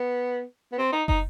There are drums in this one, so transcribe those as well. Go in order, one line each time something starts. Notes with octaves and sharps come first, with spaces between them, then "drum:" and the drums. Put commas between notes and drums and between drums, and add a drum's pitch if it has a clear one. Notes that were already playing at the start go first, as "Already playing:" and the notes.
Already playing: B3
B3
C4
D#4
D#4, drum: kick